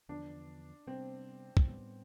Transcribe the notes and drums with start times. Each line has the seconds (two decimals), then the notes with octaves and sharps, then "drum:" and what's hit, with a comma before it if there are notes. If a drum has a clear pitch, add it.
0.09 E2 D3 F3 B3 D4
0.87 C3 G3 B3 C4
1.57 drum: kick
1.66 A2 G3 B3